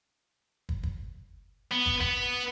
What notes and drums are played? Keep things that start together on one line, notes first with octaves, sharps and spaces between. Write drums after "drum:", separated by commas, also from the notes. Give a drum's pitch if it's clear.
drum: kick
drum: kick
B3
drum: kick
B3, drum: kick